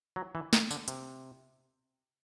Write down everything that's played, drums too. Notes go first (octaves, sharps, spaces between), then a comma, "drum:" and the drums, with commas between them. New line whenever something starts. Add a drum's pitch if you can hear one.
F#3
E3
D#3, drum: snare
D3, drum: tambourine
C3, drum: hi-hat